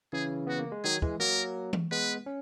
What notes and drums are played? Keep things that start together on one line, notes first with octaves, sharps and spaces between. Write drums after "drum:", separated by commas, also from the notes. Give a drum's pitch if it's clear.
C#3 E3 G#4
B3 F#4
A#3
G#3
D#3 F#3 G#4
E3 G#3, drum: kick
F#3 A#3 A#4
drum: tom E3
G#3 B3 B4
C#4